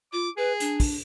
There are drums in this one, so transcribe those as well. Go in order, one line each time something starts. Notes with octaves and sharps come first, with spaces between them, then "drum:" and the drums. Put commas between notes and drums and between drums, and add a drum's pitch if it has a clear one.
F4 D6
G#4 B4
D4, drum: hi-hat
drum: kick, open hi-hat